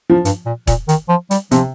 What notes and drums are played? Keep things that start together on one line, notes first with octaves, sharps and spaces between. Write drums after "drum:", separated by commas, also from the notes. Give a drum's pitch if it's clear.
F3
G2, drum: hi-hat
A#2
A#2, drum: kick E1, hi-hat
D#3, drum: hi-hat
F3
G3, drum: hi-hat
C3 F3, drum: hi-hat